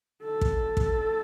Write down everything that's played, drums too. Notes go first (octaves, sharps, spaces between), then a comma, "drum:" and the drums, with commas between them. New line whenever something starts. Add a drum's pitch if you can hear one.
A4
drum: kick
drum: kick